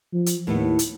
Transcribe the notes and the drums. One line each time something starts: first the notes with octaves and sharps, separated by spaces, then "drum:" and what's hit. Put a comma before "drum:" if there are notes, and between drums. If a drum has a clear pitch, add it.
F3
drum: hi-hat
D#2 A2 A3 B3
drum: hi-hat